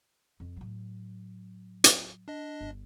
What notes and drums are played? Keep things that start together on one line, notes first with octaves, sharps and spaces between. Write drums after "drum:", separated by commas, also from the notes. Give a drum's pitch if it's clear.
F2
A2 F#3
drum: hi-hat
D4 D#5
G1